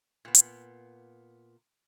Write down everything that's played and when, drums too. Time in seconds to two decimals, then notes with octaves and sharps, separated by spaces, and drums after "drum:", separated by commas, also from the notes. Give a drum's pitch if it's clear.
0.25 A#2 B3
0.34 drum: hi-hat